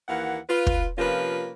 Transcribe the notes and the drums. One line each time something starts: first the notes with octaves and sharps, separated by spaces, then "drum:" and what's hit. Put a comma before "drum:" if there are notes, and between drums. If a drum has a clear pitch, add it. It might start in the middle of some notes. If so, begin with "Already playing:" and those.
D#2 E3 A#3 F5 F#5
F4 B4
drum: kick
C3 F3 A#3 C#4 F4 B4